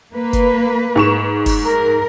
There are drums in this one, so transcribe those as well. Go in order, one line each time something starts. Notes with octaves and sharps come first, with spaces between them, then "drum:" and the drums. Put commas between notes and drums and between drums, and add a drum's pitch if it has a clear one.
A#3 B4
drum: kick F#1, hi-hat
G#2 C#6 E7
drum: kick F#1, open hi-hat
A#4